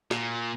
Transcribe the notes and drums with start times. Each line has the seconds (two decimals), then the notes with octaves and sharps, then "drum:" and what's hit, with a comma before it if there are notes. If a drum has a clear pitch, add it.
0.11 A#2, drum: snare